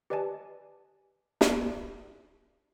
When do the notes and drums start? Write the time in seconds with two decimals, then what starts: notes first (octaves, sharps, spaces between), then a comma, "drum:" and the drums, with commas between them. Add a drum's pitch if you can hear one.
0.10 G4 B4 D5 D#5 G#5 A5
1.41 drum: snare